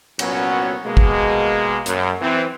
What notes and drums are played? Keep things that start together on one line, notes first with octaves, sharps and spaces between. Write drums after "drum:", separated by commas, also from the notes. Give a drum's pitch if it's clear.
C2 A#2 F#3 B3 C#4 F#4, drum: cymbal
B2 G#3 A#3
drum: kick
F#2, drum: hi-hat
E3 C4